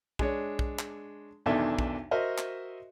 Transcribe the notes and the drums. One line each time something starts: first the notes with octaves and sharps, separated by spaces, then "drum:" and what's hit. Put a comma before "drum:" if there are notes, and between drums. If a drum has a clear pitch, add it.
G#3 D4 C#5, drum: kick
drum: kick
drum: clap
B1 E2 D#3 D4 A4 E5
drum: kick
F#4 A#4 C5 D#5 E5
drum: clap